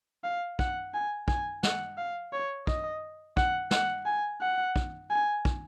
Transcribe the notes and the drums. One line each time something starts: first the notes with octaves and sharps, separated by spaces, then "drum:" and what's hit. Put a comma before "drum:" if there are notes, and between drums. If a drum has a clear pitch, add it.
F5
F#5, drum: kick
G#5
G#5, drum: kick
F#5, drum: snare
F5
C#5
D#5, drum: kick
F#5, drum: kick
F#5, drum: snare
G#5
F#5
drum: kick
G#5
drum: kick